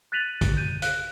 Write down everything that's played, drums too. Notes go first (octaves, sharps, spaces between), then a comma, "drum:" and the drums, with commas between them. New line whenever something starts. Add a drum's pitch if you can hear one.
F#6 A6 B6 D#7 F7 F#7
drum: kick, hi-hat
G6 D#7
F5 F#6, drum: hi-hat